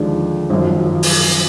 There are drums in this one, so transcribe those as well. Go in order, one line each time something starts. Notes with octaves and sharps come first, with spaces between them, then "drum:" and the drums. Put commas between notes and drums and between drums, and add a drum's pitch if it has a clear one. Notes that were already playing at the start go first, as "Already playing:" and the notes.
Already playing: D#2 D3 F3 G#3 D4
G#1 F#2 F3
drum: open hi-hat